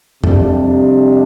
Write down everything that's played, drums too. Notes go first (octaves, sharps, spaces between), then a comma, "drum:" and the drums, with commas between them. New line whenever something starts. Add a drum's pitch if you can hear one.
F2 C3 G3 D4, drum: tom